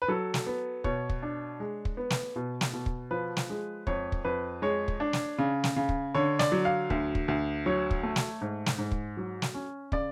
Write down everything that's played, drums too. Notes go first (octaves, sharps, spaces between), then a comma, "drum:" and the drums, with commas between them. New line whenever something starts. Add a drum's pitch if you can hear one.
B4
F#3 A4
drum: snare
B3
B2 C#5, drum: kick
drum: kick
D4
G#3
drum: kick
B3
drum: snare
B2
drum: snare
B2
drum: kick
F3 B4
drum: snare
G#3
F2 C#5, drum: kick
drum: kick
F2 B4
G#3 C#5
drum: kick
D4
drum: snare
C#3
drum: snare
C#3
drum: kick
D3 C#5
D5, drum: snare
F#3
F5
D2, drum: kick
drum: kick
D2
F#3 C#5
drum: kick
A3
drum: snare
G#2
drum: snare
G#2
drum: kick
F#3
drum: snare
C#4
C#3 D5, drum: kick